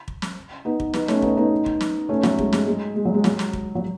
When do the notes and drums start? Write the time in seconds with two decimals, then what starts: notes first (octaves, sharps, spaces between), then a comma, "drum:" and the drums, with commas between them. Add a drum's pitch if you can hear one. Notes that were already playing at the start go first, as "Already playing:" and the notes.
0.08 drum: kick
0.22 drum: snare
0.65 B3 D#4
0.80 drum: kick
0.93 B3 D#4, drum: snare
1.08 A3 C#4, drum: snare
1.22 B3 D#4, drum: kick
1.37 B3 D#4
1.66 drum: kick
1.80 drum: snare
2.09 A3 C#4
2.23 F#3 A3, drum: snare
2.39 G#3, drum: kick
2.53 G#3, drum: snare
2.67 G#3
2.96 G#3
3.05 F#3
3.14 G#3
3.24 F#3, drum: snare
3.39 drum: snare
3.53 drum: kick
3.75 F#3